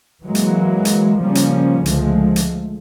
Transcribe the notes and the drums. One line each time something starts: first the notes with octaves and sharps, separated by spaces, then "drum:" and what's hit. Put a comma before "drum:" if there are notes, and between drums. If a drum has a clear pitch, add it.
E3 F#3 G#3 A#3
drum: hi-hat
drum: hi-hat
C#3 F3 G3 A#3 C#4
drum: hi-hat
C#2 D3 F3 G#3 A3, drum: hi-hat
drum: hi-hat